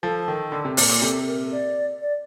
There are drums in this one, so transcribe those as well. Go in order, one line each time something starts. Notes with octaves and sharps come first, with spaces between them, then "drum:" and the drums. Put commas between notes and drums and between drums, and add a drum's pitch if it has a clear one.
F3 A4
D#3
D3
C3
A#2, drum: open hi-hat
A#2
C3 A4
A#4
D5
D5